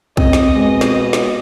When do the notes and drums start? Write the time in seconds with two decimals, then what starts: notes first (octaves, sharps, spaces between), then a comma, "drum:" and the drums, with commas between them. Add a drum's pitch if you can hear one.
0.17 C4 D#5, drum: kick
0.33 drum: snare
0.55 B2 G#3
0.81 drum: snare
1.13 drum: snare